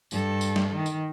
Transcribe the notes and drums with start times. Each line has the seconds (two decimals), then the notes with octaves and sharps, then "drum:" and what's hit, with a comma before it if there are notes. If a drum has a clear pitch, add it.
0.11 G2 A4, drum: tambourine
0.41 drum: tambourine
0.56 drum: snare
0.75 D#3
0.86 drum: tambourine